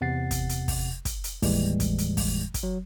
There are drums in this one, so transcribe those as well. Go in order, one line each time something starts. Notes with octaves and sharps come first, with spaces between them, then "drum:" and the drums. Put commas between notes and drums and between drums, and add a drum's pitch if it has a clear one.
E2 C3 F#5 A6 C7
drum: kick, hi-hat
drum: hi-hat
drum: kick, open hi-hat
drum: kick, hi-hat
drum: hi-hat
D#2 A2 E3 G3 G#3, drum: kick, open hi-hat
drum: kick, hi-hat
drum: hi-hat
drum: kick, open hi-hat
drum: kick, hi-hat
F#3